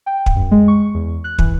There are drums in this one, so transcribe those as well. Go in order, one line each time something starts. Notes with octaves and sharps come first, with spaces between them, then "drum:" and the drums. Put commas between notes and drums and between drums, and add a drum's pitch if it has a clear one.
G5
drum: kick
F#2
G#3
C#6
E2
F#6
E3, drum: kick